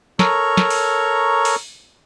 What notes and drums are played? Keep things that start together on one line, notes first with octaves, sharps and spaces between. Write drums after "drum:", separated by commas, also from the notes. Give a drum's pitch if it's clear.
A4 A#4 C#5 A#5 C#6, drum: snare
drum: snare
drum: open hi-hat
drum: open hi-hat